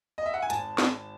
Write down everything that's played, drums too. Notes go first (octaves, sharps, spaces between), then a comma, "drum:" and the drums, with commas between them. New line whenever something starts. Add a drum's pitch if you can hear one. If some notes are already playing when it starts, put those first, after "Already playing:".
D#5
E5
F#5
G#5
G#1 A5, drum: hi-hat
drum: snare